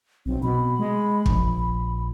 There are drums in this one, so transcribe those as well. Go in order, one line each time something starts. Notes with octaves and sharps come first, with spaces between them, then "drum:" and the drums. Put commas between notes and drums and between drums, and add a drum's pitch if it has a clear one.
B1 C4
B2 B5
G#3
A#1, drum: kick